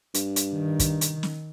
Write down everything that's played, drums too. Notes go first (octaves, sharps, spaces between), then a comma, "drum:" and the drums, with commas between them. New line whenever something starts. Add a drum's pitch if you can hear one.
G2, drum: hi-hat
drum: hi-hat
D#3
drum: kick, hi-hat
drum: hi-hat
drum: snare